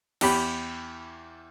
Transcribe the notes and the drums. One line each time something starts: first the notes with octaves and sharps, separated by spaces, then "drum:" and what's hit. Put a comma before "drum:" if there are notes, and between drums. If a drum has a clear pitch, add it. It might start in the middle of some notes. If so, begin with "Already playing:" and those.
E2 G4 B5, drum: cymbal